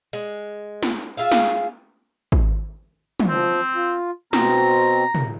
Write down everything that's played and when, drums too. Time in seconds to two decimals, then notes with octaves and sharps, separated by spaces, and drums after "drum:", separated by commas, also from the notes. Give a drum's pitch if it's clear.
0.13 G#3, drum: hi-hat
0.83 drum: snare
1.17 F4 G#4 E5 F5, drum: tambourine
1.31 drum: snare
2.32 drum: kick
3.20 drum: tom
3.29 F3 C4
3.75 F4
4.33 B2 C4 A#5, drum: snare
5.15 drum: tom